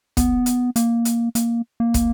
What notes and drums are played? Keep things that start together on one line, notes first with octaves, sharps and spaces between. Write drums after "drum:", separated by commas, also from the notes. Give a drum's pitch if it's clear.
B3, drum: kick, hi-hat
drum: hi-hat
A#3, drum: hi-hat
drum: hi-hat
A#3, drum: hi-hat
A#3
drum: kick, hi-hat